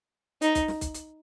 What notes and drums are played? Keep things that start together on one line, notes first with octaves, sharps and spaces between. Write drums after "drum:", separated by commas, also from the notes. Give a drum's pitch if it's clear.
D#4, drum: hi-hat
drum: kick, hi-hat
drum: snare
drum: kick, hi-hat
drum: hi-hat